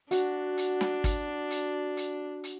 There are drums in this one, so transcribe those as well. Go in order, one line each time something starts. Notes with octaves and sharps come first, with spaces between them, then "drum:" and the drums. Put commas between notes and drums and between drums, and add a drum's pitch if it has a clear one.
D4 F#4, drum: hi-hat
drum: hi-hat
drum: snare
drum: kick, hi-hat
drum: hi-hat
drum: hi-hat
drum: hi-hat